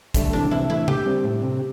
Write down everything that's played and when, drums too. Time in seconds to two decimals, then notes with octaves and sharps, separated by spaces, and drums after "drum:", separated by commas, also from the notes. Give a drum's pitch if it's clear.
0.14 D3 G3 A3, drum: kick, hi-hat
0.33 C3 E3 D4
0.51 C3 E3 E4
0.70 E3 A3 E4
0.88 G4, drum: tom C#3
1.06 G3 C4
1.24 A2
1.42 C3